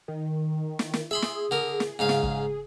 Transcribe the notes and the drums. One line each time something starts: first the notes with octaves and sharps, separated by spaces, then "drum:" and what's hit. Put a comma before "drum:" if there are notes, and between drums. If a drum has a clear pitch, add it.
D#3
drum: snare
drum: snare
G#4 E5 B5 C6
drum: snare
D3 A#4
drum: snare
G#2 C#3 F5
drum: snare
drum: kick